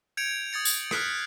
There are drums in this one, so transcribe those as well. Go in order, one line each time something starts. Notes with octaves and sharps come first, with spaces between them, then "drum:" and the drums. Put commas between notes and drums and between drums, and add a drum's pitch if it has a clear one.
G6 G#6 C#7 D7 F7
D#6 G#6 A6 C#7
drum: tambourine
F6 F#6 B6 C7, drum: rim click